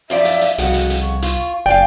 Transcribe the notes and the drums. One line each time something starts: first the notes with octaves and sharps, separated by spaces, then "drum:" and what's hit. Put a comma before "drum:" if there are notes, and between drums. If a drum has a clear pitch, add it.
F#2 F3 D5 E5
drum: hi-hat
drum: hi-hat
C2 F2 C#3 F#4 F#5, drum: hi-hat
drum: hi-hat
drum: hi-hat
C#6
F4, drum: hi-hat
F#1 D5 F5 G5 G#5